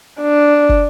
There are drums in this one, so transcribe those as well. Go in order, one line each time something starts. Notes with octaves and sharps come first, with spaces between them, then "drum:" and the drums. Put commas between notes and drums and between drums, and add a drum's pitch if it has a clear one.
D4
drum: kick